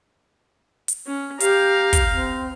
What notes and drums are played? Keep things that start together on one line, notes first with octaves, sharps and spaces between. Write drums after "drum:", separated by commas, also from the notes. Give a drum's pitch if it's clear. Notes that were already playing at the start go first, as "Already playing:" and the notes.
drum: hi-hat
C#4
G4 F5 A#5, drum: hi-hat
drum: kick, hi-hat
C4